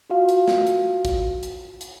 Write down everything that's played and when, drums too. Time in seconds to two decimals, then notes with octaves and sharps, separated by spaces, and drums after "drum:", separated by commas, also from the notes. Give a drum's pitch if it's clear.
0.10 F4 F#4 F5
0.29 drum: hi-hat
0.48 drum: snare
0.67 drum: hi-hat
1.05 drum: kick, hi-hat
1.43 drum: hi-hat
1.81 drum: hi-hat